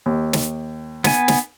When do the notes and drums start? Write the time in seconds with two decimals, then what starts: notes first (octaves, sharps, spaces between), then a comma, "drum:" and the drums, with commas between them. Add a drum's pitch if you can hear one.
0.06 D#2
0.33 drum: snare
1.04 B3 G#5, drum: snare
1.28 drum: snare